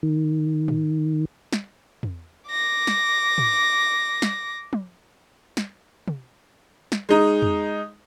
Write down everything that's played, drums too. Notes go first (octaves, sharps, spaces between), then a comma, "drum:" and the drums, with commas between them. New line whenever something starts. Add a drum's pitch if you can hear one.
D#3
drum: tom
drum: snare
drum: tom
D6 A#6
drum: snare
drum: tom
drum: snare
drum: tom
drum: snare
drum: tom
drum: snare
G#3 D#4
drum: tom